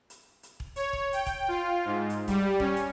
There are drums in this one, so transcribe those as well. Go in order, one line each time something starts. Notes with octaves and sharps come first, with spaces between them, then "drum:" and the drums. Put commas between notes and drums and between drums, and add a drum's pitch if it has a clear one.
drum: hi-hat
drum: hi-hat
drum: kick E1
C#5, drum: hi-hat
drum: kick E1
G5, drum: hi-hat
drum: kick E1, hi-hat
F4
G#2
drum: hi-hat
G3, drum: kick E1, hi-hat
C#4, drum: kick E1
drum: hi-hat